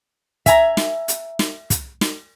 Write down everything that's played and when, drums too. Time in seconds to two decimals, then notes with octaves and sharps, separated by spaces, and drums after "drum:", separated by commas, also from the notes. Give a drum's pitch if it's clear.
0.46 E5 G#5 A#5, drum: kick, hi-hat
0.77 drum: snare
1.08 drum: hi-hat
1.39 drum: snare
1.70 drum: kick, hi-hat
2.01 drum: snare